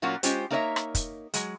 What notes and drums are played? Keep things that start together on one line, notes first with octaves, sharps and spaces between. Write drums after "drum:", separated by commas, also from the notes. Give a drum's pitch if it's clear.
A#2 F#3 A#3 C#4 F4 F#4
G#3 C#4 F4 G4 C5, drum: hi-hat
A#3 D#4 A#4 C#5 D5 E5
drum: rim click
drum: kick, hi-hat
F#3 G#3, drum: hi-hat